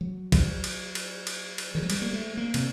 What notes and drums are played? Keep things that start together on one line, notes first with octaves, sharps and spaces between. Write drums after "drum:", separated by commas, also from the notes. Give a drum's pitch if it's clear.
F#3
drum: kick A1, cymbal
drum: cymbal
drum: cymbal
drum: cymbal
drum: cymbal
D#3
F#3
G3, drum: cymbal
A#3
A3
A#3
C3, drum: cymbal